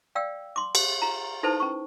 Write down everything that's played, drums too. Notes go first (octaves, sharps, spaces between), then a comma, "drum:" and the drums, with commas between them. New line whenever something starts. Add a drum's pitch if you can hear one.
D5 F5 G5 E6
C6 D6
drum: cymbal
F4 A#5
D#4 E4 A4 B4 C5 A5
C#4 C#6